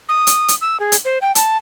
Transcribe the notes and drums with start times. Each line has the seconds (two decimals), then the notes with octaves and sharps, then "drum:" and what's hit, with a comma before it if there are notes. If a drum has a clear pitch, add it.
0.09 D#6
0.27 drum: hi-hat
0.48 drum: hi-hat
0.61 E6
0.80 G#4
0.92 drum: hi-hat
1.05 C5
1.22 G5
1.35 A5, drum: hi-hat